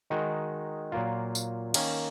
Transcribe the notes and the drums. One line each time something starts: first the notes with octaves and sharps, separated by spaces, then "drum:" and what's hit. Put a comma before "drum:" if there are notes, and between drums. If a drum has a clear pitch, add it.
D#3 G#3 D#4 F#4
A#2 F#3 A#3 F4
drum: tambourine
D#3 A#3 C#4, drum: cymbal